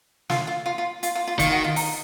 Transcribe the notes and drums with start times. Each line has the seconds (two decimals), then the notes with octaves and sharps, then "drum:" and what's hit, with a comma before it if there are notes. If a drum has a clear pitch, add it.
0.30 F4, drum: snare
0.47 F4
0.66 F4
0.78 F4
1.03 F4, drum: hi-hat
1.15 F4
1.27 F4
1.39 D#3 F4, drum: kick, hi-hat
1.52 F#4
1.64 F4
1.76 D#4, drum: open hi-hat